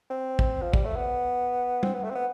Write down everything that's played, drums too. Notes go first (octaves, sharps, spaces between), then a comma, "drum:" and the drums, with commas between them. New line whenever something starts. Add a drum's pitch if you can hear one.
C4
drum: kick
F3
G3, drum: kick
A3
B3
C4, drum: tom
B3
A3
C4
B3